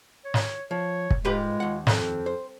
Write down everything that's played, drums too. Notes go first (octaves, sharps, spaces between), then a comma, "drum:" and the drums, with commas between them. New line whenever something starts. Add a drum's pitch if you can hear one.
C#5
drum: snare
F3 C#5
drum: kick
G#2 G#3 F4 G4 B4
D#2 F#5
F2 C4, drum: snare
C5